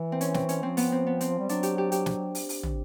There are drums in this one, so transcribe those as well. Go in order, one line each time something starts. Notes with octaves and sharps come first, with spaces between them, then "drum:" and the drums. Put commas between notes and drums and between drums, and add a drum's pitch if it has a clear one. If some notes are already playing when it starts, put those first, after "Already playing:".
Already playing: E3
C4
C#4, drum: hi-hat
C4, drum: snare
C#4, drum: hi-hat
F3 C4
B3, drum: open hi-hat
C4
B3
C4, drum: hi-hat
G3
F#3 D4, drum: hi-hat
G4, drum: hi-hat
G4
G4, drum: hi-hat
drum: snare
drum: open hi-hat
drum: open hi-hat
drum: tom